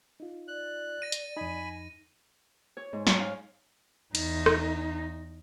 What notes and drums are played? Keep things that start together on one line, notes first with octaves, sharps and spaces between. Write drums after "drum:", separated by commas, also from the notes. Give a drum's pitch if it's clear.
D#4 F4
D5 F#6
A#6 D#7
drum: hi-hat
F2 D#4 G#5 B5
C#5
G#2
C#5, drum: snare
F5
E2 D#4, drum: cymbal
drum: rim click